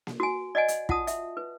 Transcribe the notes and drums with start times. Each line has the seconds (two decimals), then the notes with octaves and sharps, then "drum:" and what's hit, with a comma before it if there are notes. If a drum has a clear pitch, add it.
0.07 drum: snare A#3
0.20 F#4 G#5
0.55 D5 D#5 F#5 G#5
0.68 drum: hi-hat
0.89 F4 F#5 A5 D#6, drum: kick
1.07 E5, drum: hi-hat
1.37 B4